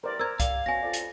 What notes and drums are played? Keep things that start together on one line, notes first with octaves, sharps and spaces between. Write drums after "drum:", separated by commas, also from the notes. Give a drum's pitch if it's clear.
E2 G3 A#4 C5 D5
A#4 C5 D5 A#5 E6 G#6
G4 D5 F5, drum: kick C2, hi-hat
B2 C#4 F#4 G#5 A#6
F2 D5
drum: hi-hat